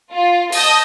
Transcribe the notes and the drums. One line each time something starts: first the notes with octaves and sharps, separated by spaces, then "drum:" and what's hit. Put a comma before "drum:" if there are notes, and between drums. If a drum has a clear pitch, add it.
F4
D#5 A5 D#6 G6, drum: open hi-hat